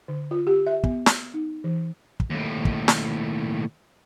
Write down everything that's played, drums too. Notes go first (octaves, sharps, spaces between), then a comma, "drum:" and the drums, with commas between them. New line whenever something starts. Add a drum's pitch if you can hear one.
D3
F4
G4
E5
B3, drum: kick
drum: snare
D#4
E3
drum: kick
D#2 A2
drum: kick
drum: snare